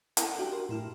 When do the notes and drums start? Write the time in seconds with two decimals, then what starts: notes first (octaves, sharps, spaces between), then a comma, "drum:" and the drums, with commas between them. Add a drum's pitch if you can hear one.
0.17 E4 A4 F#5, drum: hi-hat
0.38 D4 F#4 G4 G5
0.52 A#4 C6
0.69 A2 E4 F6